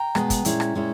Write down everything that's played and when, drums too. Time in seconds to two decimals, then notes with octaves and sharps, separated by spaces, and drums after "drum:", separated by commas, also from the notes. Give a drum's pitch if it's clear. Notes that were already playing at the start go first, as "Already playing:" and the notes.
Already playing: G5 A#5
0.15 B2 G#3 B3, drum: rim click
0.30 drum: kick, hi-hat
0.45 A#2 G#3 C#4 E4, drum: hi-hat
0.60 drum: rim click
0.75 A#2 G#3 C#4 E4